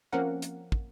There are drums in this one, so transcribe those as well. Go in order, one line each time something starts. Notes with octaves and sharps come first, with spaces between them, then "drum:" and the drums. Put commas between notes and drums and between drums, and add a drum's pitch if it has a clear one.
F3 A#3 C4 C#4 A#4 F#5
drum: hi-hat
drum: kick